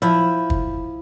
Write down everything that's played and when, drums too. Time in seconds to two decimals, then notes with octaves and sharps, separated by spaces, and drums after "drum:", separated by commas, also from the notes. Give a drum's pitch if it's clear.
0.02 F3 E4, drum: hi-hat
0.50 drum: kick